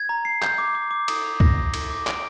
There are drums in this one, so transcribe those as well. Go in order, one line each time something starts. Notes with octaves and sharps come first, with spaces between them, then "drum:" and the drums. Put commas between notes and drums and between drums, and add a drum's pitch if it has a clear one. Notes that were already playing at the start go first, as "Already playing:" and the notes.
Already playing: G#6
A#5
C7
G6, drum: clap
D6
D6
D6
D#6, drum: cymbal
F7
A#6, drum: kick
D#6
G7, drum: cymbal
D6
D7, drum: clap